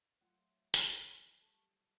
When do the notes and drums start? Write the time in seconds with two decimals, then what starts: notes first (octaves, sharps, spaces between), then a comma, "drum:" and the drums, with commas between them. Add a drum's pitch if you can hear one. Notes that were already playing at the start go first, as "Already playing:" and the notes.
0.21 F#3 A3 F4 F#5 C6
0.74 drum: hi-hat
1.42 G3 A4 C#6